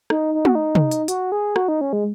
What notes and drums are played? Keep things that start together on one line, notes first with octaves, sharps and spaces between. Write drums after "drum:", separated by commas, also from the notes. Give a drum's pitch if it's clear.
D#4, drum: rim click
D#4
F#4, drum: tom
D#4
drum: tom
drum: hi-hat
F#4, drum: hi-hat
G#4
F#4, drum: rim click
D#4
C#4
G#3